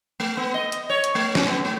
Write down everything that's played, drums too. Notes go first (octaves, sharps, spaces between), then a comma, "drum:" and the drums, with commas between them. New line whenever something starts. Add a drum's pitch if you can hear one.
A3
B3
D#5
drum: hi-hat
C#5
drum: hi-hat
A3
C#4, drum: snare
B3
A3